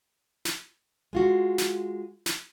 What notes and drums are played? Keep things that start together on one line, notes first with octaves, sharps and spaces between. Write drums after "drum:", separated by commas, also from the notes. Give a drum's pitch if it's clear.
drum: snare
G#3 F4 F#4
drum: snare
drum: snare